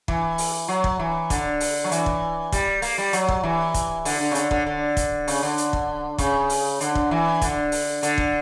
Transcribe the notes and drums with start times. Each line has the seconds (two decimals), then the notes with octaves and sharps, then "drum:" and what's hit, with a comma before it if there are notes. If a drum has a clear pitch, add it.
0.08 E3, drum: kick
0.38 drum: open hi-hat
0.68 F#3
0.84 drum: kick
0.99 E3
1.30 D3, drum: kick, hi-hat
1.60 drum: open hi-hat
1.84 F#3
1.92 E3, drum: hi-hat
2.06 drum: kick
2.52 G3, drum: kick, hi-hat
2.82 A#3, drum: open hi-hat
2.98 G3
3.13 F#3, drum: hi-hat
3.29 drum: kick
3.43 E3
3.74 drum: kick, hi-hat
4.05 D3, drum: open hi-hat
4.20 D3
4.32 C#3
4.35 D3, drum: hi-hat
4.51 D3, drum: kick
4.67 D3
4.97 drum: kick, hi-hat
5.28 C#3, drum: open hi-hat
5.43 D3
5.58 drum: hi-hat
5.73 drum: kick
6.18 C#3, drum: kick, hi-hat
6.50 drum: open hi-hat
6.81 D3, drum: hi-hat
6.95 drum: kick
7.11 E3
7.42 D3, drum: kick, hi-hat
7.72 drum: open hi-hat
8.03 D3, drum: hi-hat
8.18 drum: kick